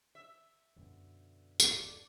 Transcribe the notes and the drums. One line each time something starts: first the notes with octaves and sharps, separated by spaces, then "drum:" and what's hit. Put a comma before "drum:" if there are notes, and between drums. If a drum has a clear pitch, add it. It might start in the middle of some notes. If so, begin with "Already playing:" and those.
E5
F#2 B2 D3 E4
D1 D#3 A4 D5, drum: tambourine